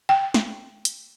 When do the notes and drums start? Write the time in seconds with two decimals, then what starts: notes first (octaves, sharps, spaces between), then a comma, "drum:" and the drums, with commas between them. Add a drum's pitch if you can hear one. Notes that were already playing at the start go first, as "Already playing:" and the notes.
0.09 G5
0.34 drum: snare
0.85 drum: hi-hat